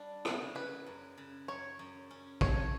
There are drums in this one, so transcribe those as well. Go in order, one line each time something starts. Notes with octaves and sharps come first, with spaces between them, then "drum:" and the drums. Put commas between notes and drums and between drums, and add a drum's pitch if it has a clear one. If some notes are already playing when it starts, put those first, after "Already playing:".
Already playing: G3 D4
C#3, drum: rim click
C#3 B4
F#2
C#3
F#2 C#5
F#2
C#4
A3 C#5, drum: kick